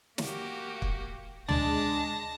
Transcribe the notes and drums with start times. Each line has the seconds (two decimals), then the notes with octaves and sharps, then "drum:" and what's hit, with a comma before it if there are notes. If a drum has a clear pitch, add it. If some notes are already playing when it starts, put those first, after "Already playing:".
0.18 A#3 F#4 G4, drum: snare
0.82 drum: kick
1.49 G#3 D4 A5 A#6, drum: tom